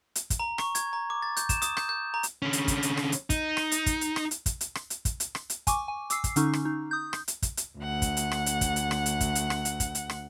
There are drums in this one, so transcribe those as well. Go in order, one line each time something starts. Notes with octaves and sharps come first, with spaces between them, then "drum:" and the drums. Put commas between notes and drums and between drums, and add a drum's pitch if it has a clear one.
drum: hi-hat
drum: kick, hi-hat
A#5
C#6, drum: rim click
G#6, drum: hi-hat
A#5
D6
A6
G6, drum: hi-hat
E7, drum: kick, hi-hat
D#6, drum: hi-hat
G6, drum: rim click
G6
A#5
drum: hi-hat
D3 C#4
drum: hi-hat
drum: kick, hi-hat
drum: hi-hat
drum: rim click
drum: hi-hat
D#4, drum: kick, hi-hat
drum: rim click
drum: hi-hat
drum: kick, hi-hat
drum: hi-hat
drum: rim click
drum: hi-hat
drum: kick, hi-hat
drum: hi-hat
drum: rim click
drum: hi-hat
drum: kick, hi-hat
drum: hi-hat
drum: rim click
drum: hi-hat
G#5 C#6 D6, drum: kick, hi-hat
G#5
D6 E6 C7, drum: hi-hat
drum: kick, hi-hat
D3 C#4 D#4 C#6, drum: hi-hat
drum: rim click
D#4
D#6 G6
drum: rim click
drum: hi-hat
drum: kick, hi-hat
drum: hi-hat
D2 F#5
drum: kick, hi-hat
drum: hi-hat
drum: rim click
drum: hi-hat
drum: kick, hi-hat
drum: hi-hat
drum: rim click
drum: hi-hat
drum: kick, hi-hat
drum: hi-hat
drum: rim click
drum: hi-hat
drum: kick, hi-hat
drum: hi-hat
drum: rim click